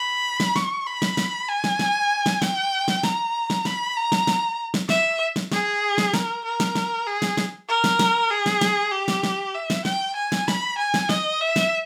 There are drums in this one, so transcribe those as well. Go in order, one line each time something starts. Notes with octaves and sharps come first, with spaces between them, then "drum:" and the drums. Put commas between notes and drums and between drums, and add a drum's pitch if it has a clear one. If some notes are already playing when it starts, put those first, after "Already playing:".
Already playing: B5
drum: snare
C#6, drum: snare
B5
drum: snare
drum: snare
G#5
drum: snare
drum: snare
drum: snare
G5, drum: snare
drum: snare
A#5, drum: snare
drum: snare
B5, drum: snare
A#5
drum: snare
drum: snare
drum: snare
E5, drum: snare
drum: snare
G#4, drum: snare
drum: snare
A#4, drum: snare
A#4
drum: snare
drum: snare
G#4
drum: snare
drum: snare
A#4
drum: snare
drum: snare
G#4
drum: snare
drum: snare
G4
drum: snare
drum: snare
E5
drum: snare
G5, drum: snare
G#5
drum: snare
B5, drum: snare
G#5
drum: snare
D#5, drum: snare
E5
drum: snare